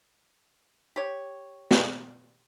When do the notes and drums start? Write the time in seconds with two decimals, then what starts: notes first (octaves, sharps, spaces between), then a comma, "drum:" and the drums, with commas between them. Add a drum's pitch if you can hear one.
0.96 G4 C#5
1.71 drum: snare